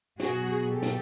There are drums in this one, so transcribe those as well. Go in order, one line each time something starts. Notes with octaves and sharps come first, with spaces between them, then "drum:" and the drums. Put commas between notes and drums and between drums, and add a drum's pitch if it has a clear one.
B2 F#3 F#4 G#4, drum: snare
G4 A4
drum: snare